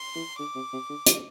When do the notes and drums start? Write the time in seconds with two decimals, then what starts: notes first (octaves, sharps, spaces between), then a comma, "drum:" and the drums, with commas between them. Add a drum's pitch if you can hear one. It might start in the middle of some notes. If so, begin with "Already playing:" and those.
Already playing: C6
0.16 E3
0.39 D3 D6
0.56 C3
0.73 C3
0.90 D3
1.06 E3, drum: hi-hat